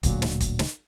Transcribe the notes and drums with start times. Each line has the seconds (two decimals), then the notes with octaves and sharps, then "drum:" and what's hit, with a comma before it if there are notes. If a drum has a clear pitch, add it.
0.03 D1 D2 A#2 F#3, drum: kick, hi-hat
0.22 drum: snare
0.40 drum: kick, hi-hat
0.59 drum: snare